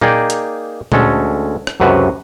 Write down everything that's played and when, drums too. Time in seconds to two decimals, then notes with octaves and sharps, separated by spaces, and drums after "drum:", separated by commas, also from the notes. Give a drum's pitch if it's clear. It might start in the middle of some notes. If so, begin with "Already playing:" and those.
0.01 A#3 D#4 G#4 D5 G5, drum: tom A#2
0.30 drum: hi-hat
0.92 D2 G#3 C#4 A4, drum: tom A#2
1.67 drum: rim click
1.80 C#2 F#2 C3 F#4 B4